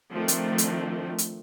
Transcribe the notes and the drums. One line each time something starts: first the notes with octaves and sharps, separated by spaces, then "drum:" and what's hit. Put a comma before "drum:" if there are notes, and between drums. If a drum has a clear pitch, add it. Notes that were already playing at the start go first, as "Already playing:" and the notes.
D#3 F3 A3 C4 D4
drum: hi-hat
drum: hi-hat
drum: hi-hat